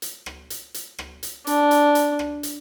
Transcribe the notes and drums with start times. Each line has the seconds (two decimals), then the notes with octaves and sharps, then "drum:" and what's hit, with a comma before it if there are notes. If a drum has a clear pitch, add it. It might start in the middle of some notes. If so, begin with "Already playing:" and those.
0.02 drum: hi-hat
0.26 drum: rim click
0.50 drum: hi-hat
0.74 drum: hi-hat
0.99 drum: rim click
1.23 drum: hi-hat
1.47 D4, drum: hi-hat
1.71 drum: hi-hat
1.95 drum: hi-hat
2.19 drum: rim click
2.43 drum: hi-hat